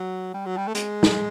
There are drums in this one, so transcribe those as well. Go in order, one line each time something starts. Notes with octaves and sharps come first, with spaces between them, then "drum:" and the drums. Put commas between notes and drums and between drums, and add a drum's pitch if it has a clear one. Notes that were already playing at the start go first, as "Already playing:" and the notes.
Already playing: F#3
G3
F#3
G3
A3
G#3, drum: hi-hat
drum: snare